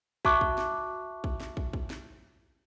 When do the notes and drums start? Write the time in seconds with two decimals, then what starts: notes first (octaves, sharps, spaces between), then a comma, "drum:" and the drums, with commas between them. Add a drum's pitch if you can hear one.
0.25 F#4 E5 A5 C#6 D6 F#6, drum: kick
0.41 drum: kick
0.58 drum: snare
1.24 drum: kick
1.40 drum: snare
1.57 drum: kick
1.73 drum: kick
1.90 drum: snare